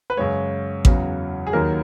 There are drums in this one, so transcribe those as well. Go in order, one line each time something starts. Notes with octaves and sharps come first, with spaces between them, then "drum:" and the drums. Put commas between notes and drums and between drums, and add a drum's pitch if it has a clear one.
B4
F#2 C#3 G#3 C#5
E2 C#3 F#3, drum: kick A1
G#4
D#2 D#3 F#3 A#3 A#4